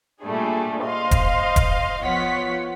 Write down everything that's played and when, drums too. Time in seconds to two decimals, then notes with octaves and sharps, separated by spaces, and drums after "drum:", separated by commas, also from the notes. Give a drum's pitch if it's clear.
0.22 A#2 G3 A3 D4 G#4
0.84 C5 D#5 F5 C6
1.11 drum: kick E1, hi-hat
1.56 drum: kick E1, hi-hat
2.02 F3 B3 F4 C#5 F#5 B6